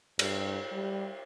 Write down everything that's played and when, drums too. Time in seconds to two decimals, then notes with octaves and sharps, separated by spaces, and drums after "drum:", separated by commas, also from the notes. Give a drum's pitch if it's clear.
0.19 G2, drum: cymbal
0.72 G3